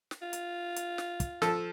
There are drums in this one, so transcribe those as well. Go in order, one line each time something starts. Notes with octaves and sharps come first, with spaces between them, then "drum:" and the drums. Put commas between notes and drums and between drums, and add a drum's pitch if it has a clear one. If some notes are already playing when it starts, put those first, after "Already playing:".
drum: snare
F4
drum: hi-hat
drum: hi-hat
drum: snare
drum: kick, hi-hat
F3 A4 E6, drum: snare